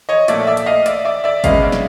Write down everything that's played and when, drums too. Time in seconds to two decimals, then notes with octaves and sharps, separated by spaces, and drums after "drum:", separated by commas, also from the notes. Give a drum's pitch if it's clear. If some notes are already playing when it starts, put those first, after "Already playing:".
0.09 C#5 D#5
0.28 A#2 F3 A3 D5 E5, drum: hi-hat
0.47 D5 E5
0.57 drum: hi-hat
0.66 D#5 F5
0.86 D5 E5, drum: hi-hat
1.05 D5 E5
1.24 D5 E5
1.44 B2 G#3 C#4 D#5 F5, drum: kick G1, hi-hat
1.62 D5 E5
1.72 drum: snare